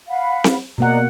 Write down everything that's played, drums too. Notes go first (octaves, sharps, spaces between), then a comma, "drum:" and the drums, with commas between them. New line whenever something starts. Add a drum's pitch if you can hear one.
F5 F#5 B5
drum: snare C4
B2 A#3 D5 D#5 F#5 A#5